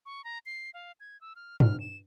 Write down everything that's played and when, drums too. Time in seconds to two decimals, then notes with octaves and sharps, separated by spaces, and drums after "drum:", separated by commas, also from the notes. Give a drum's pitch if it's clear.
0.06 C#6
0.24 A#5
0.46 C7
0.74 F5
1.00 G#6
1.21 E6
1.36 F6
1.60 F6, drum: tom G2
1.80 E7